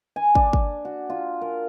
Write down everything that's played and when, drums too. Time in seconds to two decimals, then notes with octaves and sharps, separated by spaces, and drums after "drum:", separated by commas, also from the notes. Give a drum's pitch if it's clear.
0.16 G#5
0.35 D4, drum: kick
0.53 drum: kick
0.85 F#4
1.10 F4
1.41 A#4